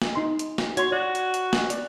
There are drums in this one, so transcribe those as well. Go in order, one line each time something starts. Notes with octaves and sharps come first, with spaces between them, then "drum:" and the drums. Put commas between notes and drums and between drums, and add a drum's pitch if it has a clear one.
drum: snare
D#4 C6
drum: hi-hat
drum: snare
F#4 C#5 C6, drum: hi-hat
F#4 D5
drum: hi-hat
drum: hi-hat
drum: snare
D5, drum: hi-hat